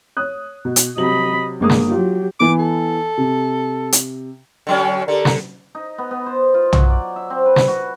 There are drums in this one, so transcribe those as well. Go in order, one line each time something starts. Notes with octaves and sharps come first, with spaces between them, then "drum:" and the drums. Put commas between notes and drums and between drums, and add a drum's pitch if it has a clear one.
C#5 D#6 F#6
B2
drum: hi-hat
C3 F#3 D#5 B5 F#7
G1 G#3 A#3 D#6
drum: snare
F#3 F4 G4
E3 B3 D6
A4
C3
drum: hi-hat
D3 F#3 C#4
D3 G4 A4 A#4 D5
drum: snare
D#4
B3
B3
C5
F4
F#3, drum: tom B1
D5
E5
C4
B4
drum: snare
F#4